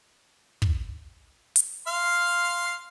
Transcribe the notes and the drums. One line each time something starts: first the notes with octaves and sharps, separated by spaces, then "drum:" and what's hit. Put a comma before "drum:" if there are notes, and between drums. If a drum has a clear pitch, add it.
drum: kick
drum: hi-hat
F5 C6 F6